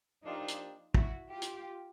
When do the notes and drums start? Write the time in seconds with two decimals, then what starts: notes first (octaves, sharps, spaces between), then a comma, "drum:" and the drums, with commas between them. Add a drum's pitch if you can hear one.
0.24 F3 A#3 D4 D#4 F4 G4
0.48 drum: hi-hat
0.94 E4 F#4, drum: kick
1.30 F4 G4
1.42 drum: hi-hat